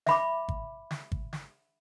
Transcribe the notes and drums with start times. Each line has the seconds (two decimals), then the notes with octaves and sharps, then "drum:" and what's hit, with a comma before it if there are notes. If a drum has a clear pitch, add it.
0.06 E5 B5 D6, drum: snare
0.49 drum: kick
0.91 drum: snare
1.12 drum: kick
1.33 drum: snare